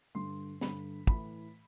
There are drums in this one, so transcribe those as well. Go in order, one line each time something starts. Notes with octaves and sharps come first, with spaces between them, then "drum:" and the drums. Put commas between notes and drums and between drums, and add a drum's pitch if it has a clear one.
G2 D3 C6
G2 D3 B5, drum: snare
A2 E3 B5, drum: kick